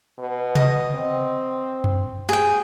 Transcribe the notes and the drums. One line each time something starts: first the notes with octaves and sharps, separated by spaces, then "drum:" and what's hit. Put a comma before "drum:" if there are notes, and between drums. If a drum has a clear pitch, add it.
B2
D#5, drum: tom C3
C4
drum: tom F#2
G#4 G5